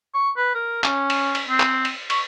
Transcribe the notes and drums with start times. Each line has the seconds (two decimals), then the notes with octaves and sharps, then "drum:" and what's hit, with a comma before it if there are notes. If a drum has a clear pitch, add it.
0.14 C#6
0.37 B4
0.55 A#4
0.84 C#4, drum: clap
1.10 drum: cymbal
1.35 drum: cymbal
1.49 C4
1.60 drum: clap
1.85 drum: cymbal
2.10 C#6, drum: cymbal